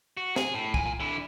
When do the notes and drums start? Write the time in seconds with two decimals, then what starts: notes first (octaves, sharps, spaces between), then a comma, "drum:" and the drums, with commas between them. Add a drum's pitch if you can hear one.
0.17 F#4
0.36 G#4, drum: snare
0.54 A2
0.74 A#2 G#5, drum: kick C2
1.00 D3 E4